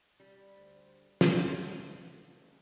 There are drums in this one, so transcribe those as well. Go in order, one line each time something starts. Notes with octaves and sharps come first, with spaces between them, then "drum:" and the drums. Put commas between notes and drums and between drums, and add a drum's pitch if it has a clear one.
G3
D2 C5
A3 F#5, drum: snare
F#1